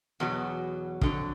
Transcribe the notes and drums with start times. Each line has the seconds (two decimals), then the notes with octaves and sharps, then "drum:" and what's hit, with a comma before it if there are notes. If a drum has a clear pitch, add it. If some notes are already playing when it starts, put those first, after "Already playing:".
0.20 E2 B2 F#3
1.01 F2 D3 F#3, drum: kick